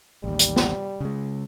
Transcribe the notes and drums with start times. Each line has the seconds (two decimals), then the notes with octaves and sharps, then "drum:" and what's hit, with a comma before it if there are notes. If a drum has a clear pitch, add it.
0.24 A1 D#2 G3
0.39 drum: hi-hat
0.56 drum: snare
1.00 C#3 G#3